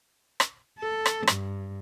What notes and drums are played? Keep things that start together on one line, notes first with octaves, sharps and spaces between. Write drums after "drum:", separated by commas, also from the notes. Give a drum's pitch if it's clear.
drum: rim click
A4
drum: rim click
G2, drum: rim click